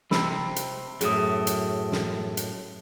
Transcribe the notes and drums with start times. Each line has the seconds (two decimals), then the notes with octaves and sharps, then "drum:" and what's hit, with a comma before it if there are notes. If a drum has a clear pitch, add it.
0.11 C3 B5 E6, drum: snare
0.56 drum: hi-hat
1.01 F#2 A2 G#4 D#6, drum: hi-hat
1.47 drum: hi-hat
1.92 drum: snare
2.37 drum: hi-hat